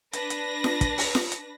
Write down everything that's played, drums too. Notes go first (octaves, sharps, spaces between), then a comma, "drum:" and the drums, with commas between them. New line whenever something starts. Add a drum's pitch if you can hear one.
D4 B4 A#6, drum: hi-hat
drum: hi-hat
drum: snare F4
drum: kick, hi-hat
drum: open hi-hat
drum: snare F4
drum: hi-hat